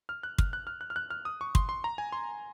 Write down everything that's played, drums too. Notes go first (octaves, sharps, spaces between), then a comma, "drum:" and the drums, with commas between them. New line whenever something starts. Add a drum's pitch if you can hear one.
F6
F#6
F6, drum: kick
F#6
F6
F#6
F6
F#6
F6
D#6
C#6
C6, drum: kick
C6
A#5
G#5
C6